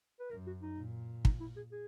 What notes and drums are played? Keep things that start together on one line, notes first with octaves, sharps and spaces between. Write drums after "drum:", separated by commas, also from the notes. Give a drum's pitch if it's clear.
B4
F#2 A#4
F#4
D#4
A#2
D#4, drum: kick
E4
G#4
G#4